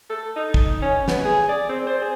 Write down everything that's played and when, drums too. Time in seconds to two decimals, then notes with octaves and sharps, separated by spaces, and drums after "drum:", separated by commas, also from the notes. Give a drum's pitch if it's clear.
0.10 A4
0.36 D#4
0.54 drum: kick
0.82 C#4
1.08 B3, drum: snare
1.25 G#4
1.49 D5
1.70 C4
1.87 C5
2.02 G#4